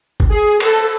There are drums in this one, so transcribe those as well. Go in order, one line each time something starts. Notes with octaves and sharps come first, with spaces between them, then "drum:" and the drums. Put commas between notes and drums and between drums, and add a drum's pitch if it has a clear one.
drum: kick
G#4
A4, drum: cymbal